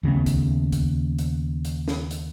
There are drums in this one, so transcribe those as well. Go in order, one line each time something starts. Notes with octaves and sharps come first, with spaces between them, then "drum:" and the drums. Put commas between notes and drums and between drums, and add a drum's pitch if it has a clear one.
D#2 C#3 A3 B3
drum: kick C#2, hi-hat
drum: kick C#2, hi-hat
drum: hi-hat
drum: hi-hat
drum: snare
drum: hi-hat